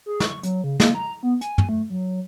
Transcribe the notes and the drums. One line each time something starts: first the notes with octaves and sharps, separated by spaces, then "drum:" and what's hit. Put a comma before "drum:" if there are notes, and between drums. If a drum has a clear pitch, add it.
G#4
C#6, drum: snare
F#3, drum: hi-hat
C#3
A#3, drum: snare
A#5
B3
G#5, drum: hi-hat
drum: tom
A3
F#3